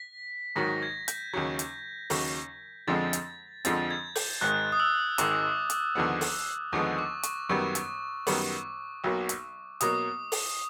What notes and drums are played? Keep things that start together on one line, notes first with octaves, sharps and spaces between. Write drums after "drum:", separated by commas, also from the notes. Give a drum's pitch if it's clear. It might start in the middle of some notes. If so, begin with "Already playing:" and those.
Already playing: B6
G#2 D#3 F#3 A#6
G#6
G6, drum: hi-hat
D#2 C#3 F#3 G#6
drum: hi-hat
D#2 C#3 F#3, drum: open hi-hat
F2 D3 F3 G#3 C4 A6
drum: hi-hat
F2 D3 F3 G#3 C4 A6, drum: hi-hat
G#6
G6, drum: open hi-hat
G#1 G#2 D#3 G#3 F#6
D#6
E6
G#1 G#2 D#3 G#3 D6, drum: hi-hat
drum: hi-hat
D#2 D3 F3 G#3 B3
drum: open hi-hat
D#2 D3 F3 G#3 B3 C#6
D6
C#6, drum: hi-hat
F#2 D#3 G3 B3 C#6
drum: hi-hat
F#2 D#3 G3 B3 D6, drum: open hi-hat
B1 B2 F#3 A#3
drum: hi-hat
B2 F#3 A#3 D#6, drum: hi-hat
drum: open hi-hat